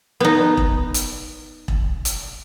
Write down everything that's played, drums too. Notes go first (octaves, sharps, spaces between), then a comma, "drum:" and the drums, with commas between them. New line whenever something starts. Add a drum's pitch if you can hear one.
B3 D#4
drum: kick E1
drum: hi-hat
drum: kick E1
drum: hi-hat